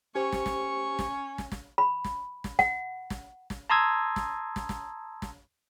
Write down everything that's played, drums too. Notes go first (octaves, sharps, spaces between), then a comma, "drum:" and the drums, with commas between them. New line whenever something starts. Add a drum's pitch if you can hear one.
C#4 G4 C5 C#6
drum: snare
drum: snare
drum: snare
drum: snare
drum: snare
B5
drum: snare
drum: snare
F#5, drum: snare
drum: snare
drum: snare
A5 A#5 C6 D#6 E6 G#6
drum: snare
drum: snare
drum: snare
drum: snare